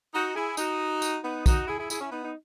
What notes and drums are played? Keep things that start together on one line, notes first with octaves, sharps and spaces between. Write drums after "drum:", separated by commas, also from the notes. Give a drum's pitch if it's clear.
D#4 F#4
E4 G#4
D#4 F#4, drum: tambourine
drum: tambourine
B3 D#4
D#4 F#4, drum: kick, tambourine
E4 G#4
E4 G#4
E4 G#4, drum: tambourine
C#4 E4
B3 D#4
D#4